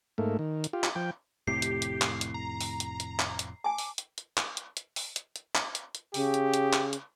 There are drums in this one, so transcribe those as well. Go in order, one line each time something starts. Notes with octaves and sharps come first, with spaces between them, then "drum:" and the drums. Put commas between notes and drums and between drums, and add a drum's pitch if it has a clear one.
G#2 A3 A#3
D#3
drum: hi-hat
F4 G4
drum: clap
F3 G5
F1 A2 C3 G4 C7
drum: hi-hat
drum: hi-hat
drum: clap
drum: hi-hat
A#5
drum: open hi-hat
drum: hi-hat
drum: hi-hat
drum: clap
drum: hi-hat
G#5 A5 D6
drum: open hi-hat
drum: hi-hat
drum: hi-hat
drum: clap
drum: hi-hat
drum: hi-hat
drum: open hi-hat
drum: hi-hat
drum: hi-hat
drum: clap
drum: hi-hat
drum: hi-hat
C#3 G4, drum: open hi-hat
drum: hi-hat
drum: hi-hat
drum: clap
drum: hi-hat